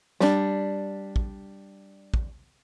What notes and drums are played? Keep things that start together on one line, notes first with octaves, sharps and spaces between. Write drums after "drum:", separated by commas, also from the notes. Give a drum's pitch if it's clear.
G3 D4, drum: snare
drum: kick
drum: kick